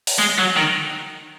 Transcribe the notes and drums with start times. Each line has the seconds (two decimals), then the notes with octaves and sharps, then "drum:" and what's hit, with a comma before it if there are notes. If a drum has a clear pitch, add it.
0.07 drum: open hi-hat
0.19 G#3
0.38 F#3
0.56 D#3